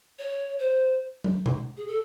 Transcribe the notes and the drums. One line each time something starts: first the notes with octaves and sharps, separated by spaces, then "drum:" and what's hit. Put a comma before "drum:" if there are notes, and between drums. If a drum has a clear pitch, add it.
C#5
C5
drum: tom
drum: tom B2
G#4
A4